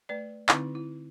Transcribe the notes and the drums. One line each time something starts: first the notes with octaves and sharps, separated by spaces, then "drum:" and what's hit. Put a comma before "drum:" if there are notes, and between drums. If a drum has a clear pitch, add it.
A3 B4 D5
D3 C4 D#4 E4, drum: clap
E4